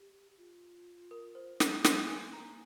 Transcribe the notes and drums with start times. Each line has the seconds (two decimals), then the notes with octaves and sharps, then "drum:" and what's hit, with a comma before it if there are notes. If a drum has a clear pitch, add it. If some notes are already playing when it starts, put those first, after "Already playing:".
Already playing: G4
0.37 F4
1.11 A#4
1.35 C5
1.60 A#5, drum: snare
1.84 A#3 C6, drum: snare
2.09 G#5
2.33 A#5